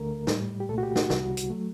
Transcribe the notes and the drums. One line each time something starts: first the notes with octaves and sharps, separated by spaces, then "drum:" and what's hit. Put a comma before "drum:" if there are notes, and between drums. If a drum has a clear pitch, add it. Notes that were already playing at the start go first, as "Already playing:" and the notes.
Already playing: D2 D3 A3 A#4
A2 G3, drum: snare
G4
C2 A#2 A3 A4
F#4
G4
F#4, drum: snare
C2 C3 G3, drum: snare
drum: hi-hat
F#3 A3